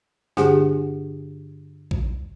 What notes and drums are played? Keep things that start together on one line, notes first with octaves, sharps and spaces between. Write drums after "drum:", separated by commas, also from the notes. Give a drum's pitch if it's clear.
G2 D3 D4 G4 G#4 F#5, drum: snare
drum: kick A#1